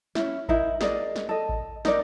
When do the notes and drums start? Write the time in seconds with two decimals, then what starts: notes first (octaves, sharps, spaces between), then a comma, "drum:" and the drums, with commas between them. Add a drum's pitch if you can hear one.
0.15 C#4 E4, drum: snare
0.49 D#4 E4 A#4, drum: kick A1
0.81 G#4 A#4 D5 D#5, drum: snare
1.16 drum: snare
1.29 A4 D#5
1.49 drum: kick A1
1.85 D#4 A#4 D5, drum: snare